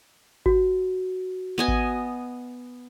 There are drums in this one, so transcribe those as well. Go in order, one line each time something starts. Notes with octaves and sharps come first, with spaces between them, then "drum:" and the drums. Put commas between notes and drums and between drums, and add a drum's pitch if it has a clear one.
F#4, drum: kick G#1
B3 D#5 G#5
drum: kick G#1